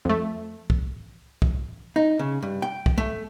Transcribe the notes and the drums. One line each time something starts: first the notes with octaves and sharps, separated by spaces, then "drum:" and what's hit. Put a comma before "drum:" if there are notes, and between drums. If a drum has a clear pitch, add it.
F2 A3
drum: kick
drum: kick
D#4
C#3
G2
G5
drum: kick
A3